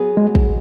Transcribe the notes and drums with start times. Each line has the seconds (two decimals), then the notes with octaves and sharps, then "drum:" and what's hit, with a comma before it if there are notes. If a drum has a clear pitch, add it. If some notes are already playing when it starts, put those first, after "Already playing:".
Already playing: F#3 B3 G#4
0.17 G#3
0.35 drum: kick